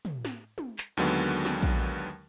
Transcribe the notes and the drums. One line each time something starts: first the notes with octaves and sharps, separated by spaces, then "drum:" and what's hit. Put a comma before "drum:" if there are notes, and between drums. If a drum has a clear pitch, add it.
drum: tom
drum: snare
drum: tom
drum: clap
D#2 D3 D#3 F#3 G#3 B3, drum: cymbal
drum: snare
drum: kick A#1